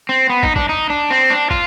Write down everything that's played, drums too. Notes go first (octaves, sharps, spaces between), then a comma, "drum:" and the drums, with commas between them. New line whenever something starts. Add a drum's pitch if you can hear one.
C4
B3
D#4, drum: kick
D4, drum: kick
D#4
D4
C4
D4
F4, drum: kick